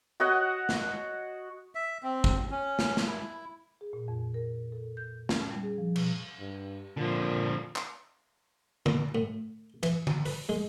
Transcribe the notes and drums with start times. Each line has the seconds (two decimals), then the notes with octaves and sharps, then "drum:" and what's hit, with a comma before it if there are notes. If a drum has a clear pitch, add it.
0.20 F#4 C#5 D#5 F#5
0.69 drum: snare
1.75 E5
2.03 C4
2.24 drum: kick
2.51 C#4
2.79 drum: snare
2.97 drum: snare
3.07 E4
3.81 G#4
3.93 A#2
4.08 F2
4.34 A#4
4.72 A4
4.97 G6
5.29 C#4, drum: snare
5.50 G3
5.63 G#4
5.78 F3
5.96 B2, drum: cymbal
6.39 G2
6.97 A#2 D3 F3
7.76 drum: clap
8.86 A#2, drum: tom D3
9.15 A2
9.83 E3, drum: cymbal
10.07 drum: tom D3
10.26 B4, drum: open hi-hat
10.49 G#3